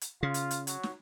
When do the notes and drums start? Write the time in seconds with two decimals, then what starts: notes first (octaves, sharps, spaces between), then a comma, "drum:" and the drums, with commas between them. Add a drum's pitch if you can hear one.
0.01 drum: hi-hat
0.23 C#3 F4
0.34 drum: hi-hat
0.51 drum: hi-hat
0.67 F#3, drum: hi-hat
0.83 drum: snare